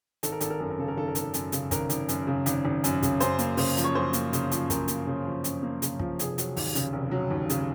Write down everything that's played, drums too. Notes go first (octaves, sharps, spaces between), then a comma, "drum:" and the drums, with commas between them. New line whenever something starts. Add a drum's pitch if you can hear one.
G#1 A4, drum: hi-hat
A#4
G#1 A4, drum: hi-hat
A#4
F#2 A4
A#4
C#3 A4
A#4
G#1 A4
A#4
G#1 A4, drum: hi-hat
F#2, drum: hi-hat
C#3, drum: hi-hat
G#1 A#4, drum: kick, hi-hat
G#1, drum: hi-hat
F#2, drum: hi-hat
C#3
G#1, drum: hi-hat
G#1
F#2, drum: hi-hat
C#3, drum: kick, hi-hat
F#2 C5, drum: hi-hat
A#3, drum: hi-hat
C#3 C5, drum: open hi-hat
F3, drum: hi-hat
C#5
F#2 C5
A#3, drum: hi-hat
C#3, drum: hi-hat
F3, drum: hi-hat
F#2 A#4, drum: kick, hi-hat
A#3, drum: hi-hat
C#3
F3
F#2, drum: hi-hat
A#3
C#3, drum: hi-hat
F3, drum: kick
F1 G#4, drum: hi-hat
F#3, drum: hi-hat
D#2, drum: open hi-hat
C#3, drum: hi-hat
F1
F#3
D#2
C#3, drum: hi-hat